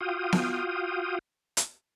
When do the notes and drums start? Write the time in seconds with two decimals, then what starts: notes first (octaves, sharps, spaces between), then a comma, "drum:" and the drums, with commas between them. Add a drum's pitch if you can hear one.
0.01 F4 F#4 F5 G5 D#6
0.32 drum: snare B3
1.57 drum: hi-hat